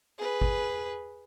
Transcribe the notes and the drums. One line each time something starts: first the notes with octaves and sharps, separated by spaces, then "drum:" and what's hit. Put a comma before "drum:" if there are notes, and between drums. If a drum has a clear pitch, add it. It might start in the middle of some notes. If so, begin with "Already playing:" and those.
G#4 B4
drum: kick G#1